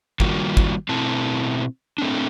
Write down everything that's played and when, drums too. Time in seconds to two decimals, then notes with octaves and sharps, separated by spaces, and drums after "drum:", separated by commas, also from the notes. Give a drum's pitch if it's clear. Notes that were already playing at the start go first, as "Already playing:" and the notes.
0.20 D#3 G3 A#3 F4 F#4, drum: kick
0.57 drum: kick
0.89 B2 A3 C4 E4 A5
1.98 A3 C4 D4